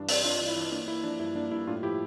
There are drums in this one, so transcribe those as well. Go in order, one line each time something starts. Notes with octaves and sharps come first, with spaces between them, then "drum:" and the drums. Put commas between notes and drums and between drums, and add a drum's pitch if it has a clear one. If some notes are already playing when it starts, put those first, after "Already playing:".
Already playing: G2 E3 D4
C4, drum: open hi-hat
G2 D4 F4
E3
E4
E3
A#3 D4
A#3 E4
F3 D4
G2 E4
A#3 D4
G2 E4
A2 D4 F4
F3 E4 G4